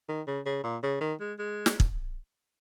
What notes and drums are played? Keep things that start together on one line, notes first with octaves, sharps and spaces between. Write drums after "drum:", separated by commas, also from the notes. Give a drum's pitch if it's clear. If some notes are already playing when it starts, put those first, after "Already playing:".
D#3
C#3
C#3
A#2
C#3
D#3
G#3
G#3
drum: snare
drum: kick